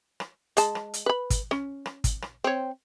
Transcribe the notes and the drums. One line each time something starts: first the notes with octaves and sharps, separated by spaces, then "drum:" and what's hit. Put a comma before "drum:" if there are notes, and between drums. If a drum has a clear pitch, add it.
drum: rim click
G#3 A5, drum: hi-hat
drum: rim click
drum: hi-hat
B4 B5
drum: kick, hi-hat
C#4, drum: rim click
drum: rim click
drum: kick, hi-hat
drum: rim click
C4 C#5